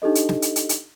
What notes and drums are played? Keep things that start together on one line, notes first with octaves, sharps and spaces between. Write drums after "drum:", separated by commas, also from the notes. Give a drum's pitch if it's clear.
D4 D#4 G4 A4 D#5
drum: hi-hat
drum: snare
drum: hi-hat
drum: hi-hat
drum: hi-hat